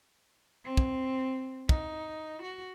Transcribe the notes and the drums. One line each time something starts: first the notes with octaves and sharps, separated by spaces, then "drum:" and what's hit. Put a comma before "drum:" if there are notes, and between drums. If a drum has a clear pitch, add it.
C4
drum: kick
D#4, drum: kick
F#4